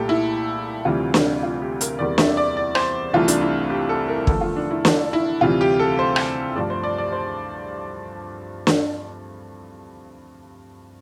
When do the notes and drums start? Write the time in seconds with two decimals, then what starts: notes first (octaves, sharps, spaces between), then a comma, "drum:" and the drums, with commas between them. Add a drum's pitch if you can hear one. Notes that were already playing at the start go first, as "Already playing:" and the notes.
Already playing: C2 A#2 A3 G4 A4
0.09 E4
0.85 D2 C3 E3 G3 F4
1.14 drum: snare
1.43 F4
1.62 G4
1.81 A#4, drum: hi-hat
1.99 E2 C3 G3 A#3 D5
2.18 E5, drum: snare
2.37 D5
2.57 D5
2.75 C5, drum: rim click
3.13 C2 C3 E3 A3 F4
3.28 D4, drum: hi-hat
3.41 E4
3.70 G4
3.89 A4
4.08 A#4
4.27 E2 D3 F3 A3 A4, drum: kick
4.41 F4
4.56 D4
4.71 E4
4.85 D4, drum: snare
5.13 E4
5.41 D2 C3 E3 G3 F4
5.61 G4
5.80 A4
5.99 C5
6.16 drum: rim click
6.55 G2 F3 A3 D5
6.70 C5
6.83 D5
6.98 D5
7.12 C5
8.67 drum: snare